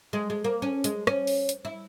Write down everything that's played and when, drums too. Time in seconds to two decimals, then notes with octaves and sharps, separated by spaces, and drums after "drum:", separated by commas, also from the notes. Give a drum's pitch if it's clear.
0.13 G#3
0.30 G#3
0.44 A#3
0.62 C#4
0.84 G#3, drum: hi-hat
1.07 C#4, drum: rim click
1.27 drum: open hi-hat
1.49 drum: hi-hat
1.65 E4